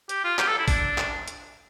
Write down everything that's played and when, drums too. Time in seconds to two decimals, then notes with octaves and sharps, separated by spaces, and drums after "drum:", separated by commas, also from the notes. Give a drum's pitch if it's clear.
0.09 G4, drum: hi-hat
0.24 F4
0.39 G4, drum: clap
0.48 A4
0.59 E4
0.68 D4, drum: kick G#1, open hi-hat
0.98 drum: clap
1.28 drum: hi-hat